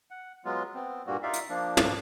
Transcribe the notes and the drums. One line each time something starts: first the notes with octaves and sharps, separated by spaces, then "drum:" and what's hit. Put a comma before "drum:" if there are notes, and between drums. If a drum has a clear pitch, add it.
F#5
F#3 G#3 B3 F4
B3 C4
G2 A#2 G3 A#3 F#4
D#4 F4 D5 E5 F5
drum: hi-hat
F3 A#3 D4
drum: tom